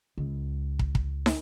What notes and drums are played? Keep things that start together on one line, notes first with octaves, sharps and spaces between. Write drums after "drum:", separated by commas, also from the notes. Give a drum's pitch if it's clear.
C#2
drum: kick
drum: kick
drum: snare